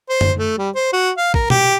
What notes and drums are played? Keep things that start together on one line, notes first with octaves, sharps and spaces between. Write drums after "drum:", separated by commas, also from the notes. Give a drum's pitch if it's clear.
C5
drum: tom F#2
A3
G3
C5
F#4
F5
A#4, drum: kick
G4, drum: tom B2